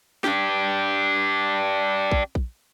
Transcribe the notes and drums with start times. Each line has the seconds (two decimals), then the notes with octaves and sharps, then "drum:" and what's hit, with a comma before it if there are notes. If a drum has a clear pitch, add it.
0.24 D4 G4, drum: snare
2.11 drum: kick A#1
2.35 drum: kick A#1